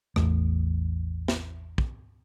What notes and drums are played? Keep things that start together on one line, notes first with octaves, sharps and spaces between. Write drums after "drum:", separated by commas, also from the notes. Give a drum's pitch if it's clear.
A1 E2 A#2 A3, drum: rim click
drum: snare
drum: kick